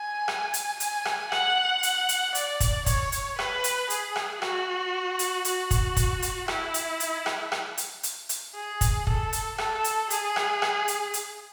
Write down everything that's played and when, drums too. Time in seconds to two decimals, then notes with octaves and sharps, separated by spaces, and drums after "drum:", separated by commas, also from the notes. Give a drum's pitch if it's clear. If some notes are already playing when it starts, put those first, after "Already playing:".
Already playing: G#5
0.28 drum: rim click
0.54 drum: hi-hat
0.80 G#5, drum: hi-hat
1.05 drum: rim click
1.32 F#5, drum: rim click
1.83 drum: hi-hat
2.09 drum: hi-hat
2.35 D5, drum: hi-hat
2.60 drum: kick, hi-hat
2.86 C#5, drum: kick, hi-hat
3.12 drum: hi-hat
3.39 B4, drum: rim click
3.64 drum: hi-hat
3.90 G#4, drum: hi-hat
4.16 drum: rim click
4.42 F#4, drum: rim click
5.19 drum: hi-hat
5.45 F#4, drum: hi-hat
5.71 drum: kick, hi-hat
5.97 drum: kick, hi-hat
6.22 drum: hi-hat
6.48 E4, drum: rim click
6.74 drum: hi-hat
7.00 drum: hi-hat
7.26 drum: rim click
7.52 drum: rim click
7.78 drum: hi-hat
8.03 drum: hi-hat
8.29 drum: hi-hat
8.55 G#4
8.81 drum: kick, hi-hat
9.07 A4, drum: kick
9.33 drum: hi-hat
9.58 A4, drum: rim click
9.84 drum: hi-hat
10.10 G#4, drum: hi-hat
10.36 drum: rim click
10.62 drum: rim click
10.88 drum: hi-hat
11.14 drum: hi-hat